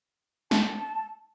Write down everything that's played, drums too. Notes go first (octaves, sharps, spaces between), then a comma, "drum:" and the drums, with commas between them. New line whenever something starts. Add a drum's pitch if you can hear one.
A5, drum: snare